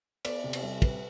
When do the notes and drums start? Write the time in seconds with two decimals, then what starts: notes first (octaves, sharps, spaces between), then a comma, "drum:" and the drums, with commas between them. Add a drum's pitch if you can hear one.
0.25 B3 D5, drum: cymbal
0.44 C3
0.53 drum: cymbal
0.63 G3
0.82 C3 B4, drum: kick, cymbal